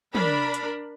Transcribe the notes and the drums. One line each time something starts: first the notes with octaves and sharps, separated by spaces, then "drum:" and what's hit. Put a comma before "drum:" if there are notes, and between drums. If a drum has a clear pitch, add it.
D4 A#4 B5, drum: tom
drum: hi-hat